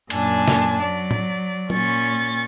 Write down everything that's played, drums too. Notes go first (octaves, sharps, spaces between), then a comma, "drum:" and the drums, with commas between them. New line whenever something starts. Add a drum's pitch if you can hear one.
F#2 A#2 D4 G#5 A5, drum: cymbal
drum: snare
F#3 D5
drum: tom
A#2 C#4 C#6 A6, drum: tom